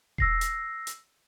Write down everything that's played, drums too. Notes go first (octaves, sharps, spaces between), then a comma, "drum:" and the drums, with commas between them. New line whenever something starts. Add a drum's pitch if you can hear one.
E6 A#6 C7, drum: kick E1
drum: hi-hat
drum: hi-hat